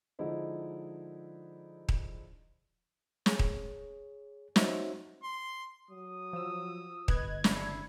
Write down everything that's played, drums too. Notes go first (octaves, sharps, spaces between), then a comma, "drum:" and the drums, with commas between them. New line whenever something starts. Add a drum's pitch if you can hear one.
D3 F3 G#3 D#4 E4 C5
drum: kick D#1
G#4 C#5, drum: snare
drum: kick D#1
D#4 F#4 C5 C#5 E5, drum: snare
C6
F#3 D#6
F3 E6
G1 B4 D#5 F#6 G#6, drum: kick D#1
C#3 D4 E4 C7 C#7, drum: snare